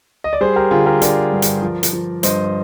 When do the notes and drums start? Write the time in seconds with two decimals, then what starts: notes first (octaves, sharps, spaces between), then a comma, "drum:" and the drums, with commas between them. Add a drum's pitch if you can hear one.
0.24 D#5
0.33 D5
0.41 G3 G#4 C5
0.56 G4 A#4
0.71 D3 F4 G#4
0.86 G4 A#4
1.02 D3 A#4 D5, drum: hi-hat
1.33 G2
1.42 drum: hi-hat
1.62 F3
1.83 drum: hi-hat
1.93 F3
2.23 G2 C5 D#5, drum: hi-hat